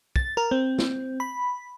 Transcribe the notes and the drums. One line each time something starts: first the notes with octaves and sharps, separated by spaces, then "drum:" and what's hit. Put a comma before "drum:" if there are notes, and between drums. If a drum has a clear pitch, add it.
A6, drum: kick
A#4
C4
drum: snare
B5